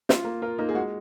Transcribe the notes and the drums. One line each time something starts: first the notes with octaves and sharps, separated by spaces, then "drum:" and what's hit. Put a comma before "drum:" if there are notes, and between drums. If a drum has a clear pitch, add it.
F4, drum: snare
A#3
F4 A#4
A#3 D#4
G#4
G#3 F#4